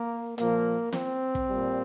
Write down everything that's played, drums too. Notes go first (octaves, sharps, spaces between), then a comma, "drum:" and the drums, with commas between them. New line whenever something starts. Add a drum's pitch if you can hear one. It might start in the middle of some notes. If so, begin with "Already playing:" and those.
Already playing: A#3
A#2 F3 A#3, drum: hi-hat
C4, drum: snare
drum: kick
A#2 G3